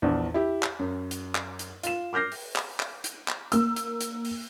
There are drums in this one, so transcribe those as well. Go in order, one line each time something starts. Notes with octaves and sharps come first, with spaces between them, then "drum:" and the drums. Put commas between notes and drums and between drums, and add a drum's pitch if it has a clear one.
A#1 E2 D4
E4 G4
drum: clap
F#2
drum: hi-hat
drum: clap
drum: hi-hat
F4 E7, drum: hi-hat
D6 F6 G6 A#6 C7
drum: open hi-hat
drum: clap
drum: clap
drum: hi-hat
drum: clap
A#3 E6, drum: hi-hat
drum: hi-hat
drum: hi-hat
drum: open hi-hat